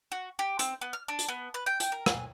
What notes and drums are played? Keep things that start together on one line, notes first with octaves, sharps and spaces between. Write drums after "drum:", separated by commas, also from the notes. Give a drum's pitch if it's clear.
F#4
G4
C4, drum: hi-hat
B3
F6
D4
drum: hi-hat
B3
B4
G5
G5, drum: hi-hat
A#4
G#5, drum: rim click